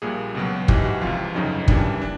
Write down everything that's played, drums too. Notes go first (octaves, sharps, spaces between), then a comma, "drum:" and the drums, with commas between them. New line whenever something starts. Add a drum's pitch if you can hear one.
A#1 A#2 G3 G#4
C#2 B2 F#3
A1 G#2 E3 G4, drum: kick
F#4
C#2 C3 F3 F4
G1 F2 C#3 F#3 D#4
D#2 C#3 E3 G3 D4, drum: kick
D4